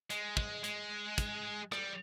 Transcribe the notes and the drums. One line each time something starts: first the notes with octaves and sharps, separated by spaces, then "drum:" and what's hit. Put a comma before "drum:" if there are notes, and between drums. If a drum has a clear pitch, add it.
G#3, drum: hi-hat
G#3, drum: kick
G#3, drum: hi-hat
drum: kick, hi-hat
G3, drum: rim click